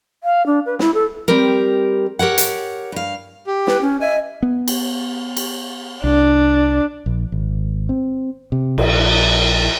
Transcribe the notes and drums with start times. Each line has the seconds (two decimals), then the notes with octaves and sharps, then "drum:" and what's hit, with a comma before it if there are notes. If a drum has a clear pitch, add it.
0.24 F5
0.46 D4
0.66 B4
0.79 E4, drum: snare
0.94 A4
1.28 G3 C4 G4 A#4
2.19 G4 A#4 C#5 F#5
2.38 drum: hi-hat
2.92 G2 F5
3.47 G4
3.67 B4, drum: snare
3.81 C#4
4.01 D#5 E5 G#5
4.42 B3
4.68 drum: cymbal
5.37 drum: cymbal
6.04 C2 D4
7.06 A#1
7.32 G#1
7.89 C4
8.52 C3
8.78 A#1, drum: cymbal